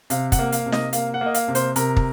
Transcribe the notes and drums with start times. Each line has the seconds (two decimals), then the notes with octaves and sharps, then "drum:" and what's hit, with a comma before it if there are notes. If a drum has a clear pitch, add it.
0.10 C3 F5, drum: hi-hat
0.32 F#5, drum: kick, hi-hat
0.39 A#3
0.52 F5, drum: hi-hat
0.66 C3
0.72 D#5, drum: snare
0.93 A#3 F5, drum: hi-hat
1.14 F#5
1.21 A#3
1.26 D#5
1.34 F5, drum: hi-hat
1.48 C3
1.55 C5, drum: hi-hat
1.76 C3 A#4, drum: hi-hat
1.97 drum: kick